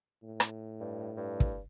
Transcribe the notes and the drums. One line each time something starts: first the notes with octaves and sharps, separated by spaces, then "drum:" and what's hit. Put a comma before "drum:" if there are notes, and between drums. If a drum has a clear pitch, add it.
A2
drum: rim click
G2
G2
drum: kick